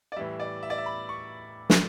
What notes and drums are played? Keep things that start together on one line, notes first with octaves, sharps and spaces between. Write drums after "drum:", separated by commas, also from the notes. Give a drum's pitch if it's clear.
D5
A2 E3 G3 E5
D5
E5
D5
E5
B5
C#6
drum: snare